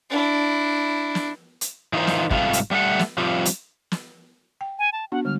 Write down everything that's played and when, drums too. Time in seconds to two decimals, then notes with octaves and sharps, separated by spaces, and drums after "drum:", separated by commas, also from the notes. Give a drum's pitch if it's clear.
0.10 D4 E4
1.15 drum: snare
1.61 drum: hi-hat
1.93 E3 D#4 F4 G4 A#4 C5
2.07 drum: snare
2.31 G#2 C3 G3 F4 A4 F5, drum: kick
2.53 drum: hi-hat
2.71 G3 A3 F5 F#5
2.99 drum: snare
3.18 F3 G3 C4 F4
3.45 drum: hi-hat
3.92 drum: snare
4.61 G5
4.79 G#5
4.93 A5
5.12 B3 D4 F#4 F#5
5.25 D3 G3 G#3 F6